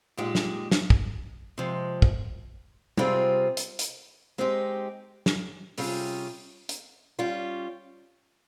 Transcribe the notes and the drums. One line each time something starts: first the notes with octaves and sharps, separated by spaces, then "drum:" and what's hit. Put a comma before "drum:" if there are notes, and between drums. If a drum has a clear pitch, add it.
A#2 G#3 D#4 G4
drum: snare
drum: snare
drum: kick
C3 F3 G#3
drum: kick
C3 G3 C4 F4 G#4, drum: tom G3
drum: hi-hat
drum: hi-hat
G#3 C4 D#4 G4
drum: snare
C3 G3 C#4 F4 G#4, drum: open hi-hat
drum: hi-hat
G3 C#4 F4